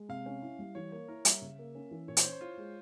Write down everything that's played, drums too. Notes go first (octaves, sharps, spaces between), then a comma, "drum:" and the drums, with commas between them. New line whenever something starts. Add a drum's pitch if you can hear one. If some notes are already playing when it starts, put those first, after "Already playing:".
Already playing: G#3
C3 F5
C#4
E4
G3
E3 C#5
A#3 C#5
E4 A#4
G3 E5, drum: hi-hat
C#3
A#3
C#4
E3
A#2 C#5
C5, drum: hi-hat
C#4 C#5
C5
E4 F4
G#3